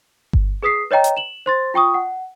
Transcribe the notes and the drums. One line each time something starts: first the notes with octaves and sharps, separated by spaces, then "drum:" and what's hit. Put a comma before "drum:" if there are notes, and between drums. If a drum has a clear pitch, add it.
drum: kick G1
G#4 B4 D#6 B6 C7
B4 C#5 D#5 G5 A#5
drum: hi-hat
E7 F#7
C5 C6 A6
F4 G5 C#6 D#6
F#5